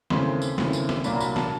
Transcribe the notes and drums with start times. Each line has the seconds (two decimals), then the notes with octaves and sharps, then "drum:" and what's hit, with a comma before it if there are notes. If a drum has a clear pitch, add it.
0.10 D#2 C#3 E3 A3 C4 C6, drum: snare
0.42 drum: tambourine
0.58 D#2 C#3 E3 A3 C4, drum: snare
0.73 drum: tambourine
0.89 drum: snare
1.04 C2 A#2 F#3 A#3 D4 B5, drum: tambourine
1.16 A#5
1.20 B5, drum: tambourine
1.36 A5, drum: snare